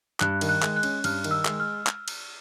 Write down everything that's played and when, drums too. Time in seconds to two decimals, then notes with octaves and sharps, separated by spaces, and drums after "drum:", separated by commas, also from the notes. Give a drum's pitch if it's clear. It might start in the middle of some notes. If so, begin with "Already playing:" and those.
0.20 G2 F#6, drum: clap
0.41 D#3, drum: cymbal
0.49 F#6
0.63 G#3, drum: clap
0.76 F#6
0.83 C#4, drum: cymbal
1.04 G2 F6, drum: cymbal
1.24 D#3, drum: cymbal
1.31 E6
1.45 G#3, drum: clap
1.60 F6
1.87 drum: clap
2.08 drum: cymbal